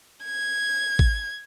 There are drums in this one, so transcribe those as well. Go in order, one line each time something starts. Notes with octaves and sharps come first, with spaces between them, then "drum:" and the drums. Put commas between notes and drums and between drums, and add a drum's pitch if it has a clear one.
G#6
drum: kick